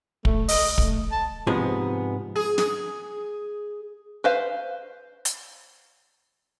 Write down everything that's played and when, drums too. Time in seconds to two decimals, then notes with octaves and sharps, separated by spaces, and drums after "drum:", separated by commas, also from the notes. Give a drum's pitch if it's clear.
0.25 A3, drum: kick
0.48 D#5, drum: open hi-hat
0.78 A3, drum: kick
1.12 A5
1.47 G#2 C3 F3 G#3 B3 G#4
2.36 G#4
2.58 G#4, drum: snare
4.24 B4 C5 F5
5.25 drum: hi-hat